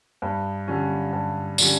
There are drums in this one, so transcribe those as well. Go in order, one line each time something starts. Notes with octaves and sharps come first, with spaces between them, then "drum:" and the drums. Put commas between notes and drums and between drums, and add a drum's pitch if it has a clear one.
G2
D3 G3 C#4
G2
D3 G3 C#4, drum: tambourine